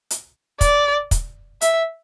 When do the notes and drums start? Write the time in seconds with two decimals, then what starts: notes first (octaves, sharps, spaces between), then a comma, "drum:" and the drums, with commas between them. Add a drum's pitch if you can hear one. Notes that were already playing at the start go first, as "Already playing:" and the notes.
0.11 drum: hi-hat
0.61 D5, drum: kick, hi-hat
1.11 drum: kick, hi-hat
1.61 E5, drum: hi-hat